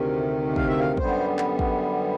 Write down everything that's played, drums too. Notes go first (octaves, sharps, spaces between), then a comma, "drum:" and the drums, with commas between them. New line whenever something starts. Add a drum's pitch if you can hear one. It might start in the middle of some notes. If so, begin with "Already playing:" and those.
Already playing: D2 C3 D#3
F5, drum: kick
E5
F5
F#2 D3 G3 B3 C5, drum: kick
drum: clap
drum: kick